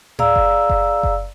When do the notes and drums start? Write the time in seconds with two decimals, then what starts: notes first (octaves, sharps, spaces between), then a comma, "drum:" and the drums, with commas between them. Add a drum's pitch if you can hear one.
0.19 G#4 D5 F5 A#5 E6, drum: tom G#2
0.36 drum: kick F#1
0.69 drum: kick F#1
1.03 drum: kick F#1